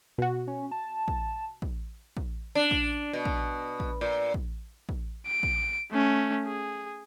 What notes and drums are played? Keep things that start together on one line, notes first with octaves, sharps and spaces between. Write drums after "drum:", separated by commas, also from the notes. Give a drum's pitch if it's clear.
B2 F#4
C#4
A5
drum: kick
drum: kick
drum: kick
D4
drum: kick
B2
drum: kick
drum: kick
A#2
drum: kick
drum: kick
D7
drum: kick
A3 C#4
G#4